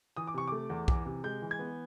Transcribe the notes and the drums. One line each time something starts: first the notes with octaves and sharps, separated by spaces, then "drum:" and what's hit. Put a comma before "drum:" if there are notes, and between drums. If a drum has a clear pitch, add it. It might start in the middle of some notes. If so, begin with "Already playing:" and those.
E3 D#6
D6
C3 C#6
A3 D6
E2
E3, drum: kick B1
C3
G#3 G6
E3
G#6
B3